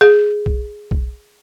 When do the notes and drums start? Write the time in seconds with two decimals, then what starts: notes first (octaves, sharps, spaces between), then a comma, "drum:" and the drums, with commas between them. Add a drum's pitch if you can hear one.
0.01 G#4
0.46 drum: kick B1
0.91 drum: kick B1